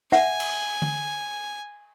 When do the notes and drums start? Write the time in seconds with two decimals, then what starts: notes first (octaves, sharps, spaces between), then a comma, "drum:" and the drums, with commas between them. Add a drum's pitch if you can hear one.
0.12 E5 F#5 G#5, drum: snare
0.40 drum: cymbal
0.82 drum: tom D3